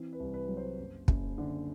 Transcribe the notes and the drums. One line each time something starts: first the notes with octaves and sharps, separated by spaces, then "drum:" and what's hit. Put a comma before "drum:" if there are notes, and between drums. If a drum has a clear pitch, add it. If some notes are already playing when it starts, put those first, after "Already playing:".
Already playing: E3 C4
B4
C2
B4
F#3
C5
F#1
F#1, drum: kick
D3